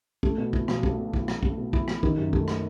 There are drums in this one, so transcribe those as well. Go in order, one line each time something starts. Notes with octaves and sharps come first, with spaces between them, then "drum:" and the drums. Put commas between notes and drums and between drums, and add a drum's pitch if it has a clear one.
A3, drum: kick
B2
E4, drum: kick
B1, drum: rim click
A3, drum: kick
B2
E4, drum: kick
B1, drum: rim click
A3, drum: kick
B2
E4, drum: kick
B1, drum: rim click
D#3, drum: kick
F#2
A3, drum: kick
drum: rim click